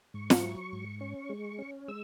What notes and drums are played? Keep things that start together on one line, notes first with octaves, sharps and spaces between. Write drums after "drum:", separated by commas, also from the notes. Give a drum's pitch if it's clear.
G#2 C#6
drum: snare
F#3
G#2
C#4
G#3
C#4
G#3 E6